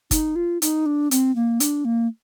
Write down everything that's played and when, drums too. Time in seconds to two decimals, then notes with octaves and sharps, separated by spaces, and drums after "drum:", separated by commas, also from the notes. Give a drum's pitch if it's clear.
0.11 D#4, drum: kick, hi-hat
0.36 F4
0.62 D#4, drum: hi-hat
0.86 D4
1.11 C4, drum: hi-hat
1.36 A#3
1.60 D4, drum: hi-hat
1.85 A#3